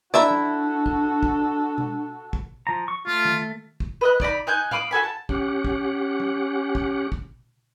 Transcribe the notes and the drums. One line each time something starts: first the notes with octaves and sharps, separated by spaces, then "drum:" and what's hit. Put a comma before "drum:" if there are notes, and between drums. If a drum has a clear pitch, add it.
D4 E4 F#4 A4 D5 E5 A#5
drum: tom F3
drum: kick
drum: kick
drum: tom B2
drum: kick
F3 A#5
C#6
A3 F4
drum: tom D#3
drum: kick
B4 D#5 F#6
D#4 D5 A#5 B5, drum: kick
D#4 G#5 F#6 G6
F5 B5 D6 D#6, drum: tom A2
F#4 A4 G#5 B5
A5
C#4 G4 F#5, drum: kick
drum: kick
drum: tom F3
drum: kick
drum: kick